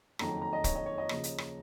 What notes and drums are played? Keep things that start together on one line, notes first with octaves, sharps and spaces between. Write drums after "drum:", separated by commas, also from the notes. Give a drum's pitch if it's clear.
F#1 F2 D#3 F#3 A#5, drum: rim click
A#5
D#5
C#5, drum: kick, hi-hat
D#5
C#5
D#5
D#2 C#3 F3, drum: rim click
drum: hi-hat
drum: rim click